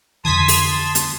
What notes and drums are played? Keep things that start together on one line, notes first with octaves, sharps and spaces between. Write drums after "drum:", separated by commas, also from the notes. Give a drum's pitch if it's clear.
F2 D3 E3 A5 C6 D#6 G#6 B6
drum: open hi-hat
drum: hi-hat